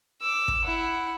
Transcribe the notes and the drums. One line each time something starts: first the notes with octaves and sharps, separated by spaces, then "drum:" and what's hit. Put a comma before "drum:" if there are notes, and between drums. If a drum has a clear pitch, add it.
D6 E6
drum: kick
E4 F#5